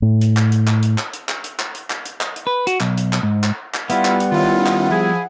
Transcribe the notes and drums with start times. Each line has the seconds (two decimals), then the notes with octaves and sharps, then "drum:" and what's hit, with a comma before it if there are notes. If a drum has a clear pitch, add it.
0.02 A2
0.21 drum: hi-hat
0.37 drum: clap
0.52 drum: hi-hat
0.67 drum: clap
0.83 drum: hi-hat
0.98 drum: clap
1.13 drum: hi-hat
1.29 drum: clap
1.44 drum: hi-hat
1.59 drum: clap
1.75 drum: hi-hat
1.90 drum: clap
2.06 drum: hi-hat
2.21 drum: clap
2.36 drum: hi-hat
2.47 B4
2.67 F#4, drum: hi-hat
2.80 B1, drum: clap
2.98 drum: hi-hat
3.13 drum: clap
3.23 G#2
3.44 drum: clap
3.74 drum: clap
3.90 G3 B3 E4 F4 F#5, drum: hi-hat
4.05 drum: clap
4.20 drum: hi-hat
4.32 D#3 C#4 E4 F4
4.66 drum: clap
4.90 F3 E4 G#4